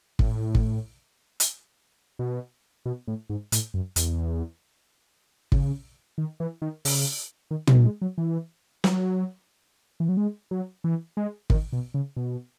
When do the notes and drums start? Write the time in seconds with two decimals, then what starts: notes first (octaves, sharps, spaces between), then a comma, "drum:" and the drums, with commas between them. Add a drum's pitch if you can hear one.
0.19 A2, drum: kick
0.55 drum: kick
1.40 drum: hi-hat
2.19 B2
2.86 B2
3.08 A2
3.30 G#2
3.52 A2, drum: hi-hat
3.74 F#2
3.96 E2, drum: hi-hat
5.52 C#3, drum: kick
6.18 D#3
6.40 E3
6.62 D#3
6.85 C#3, drum: open hi-hat
7.51 D#3
7.67 F#3, drum: tom
7.85 G#3
8.02 F#3
8.18 E3
8.84 F#3, drum: snare
10.00 E3
10.09 F#3
10.17 G#3
10.51 F#3
10.84 E3
11.17 G#3
11.50 D#3, drum: kick
11.73 B2
11.94 C#3
12.17 B2